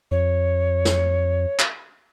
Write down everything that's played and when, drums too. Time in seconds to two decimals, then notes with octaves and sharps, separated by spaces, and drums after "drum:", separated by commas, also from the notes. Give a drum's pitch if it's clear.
0.11 F2 C#5
0.85 drum: snare
1.59 drum: clap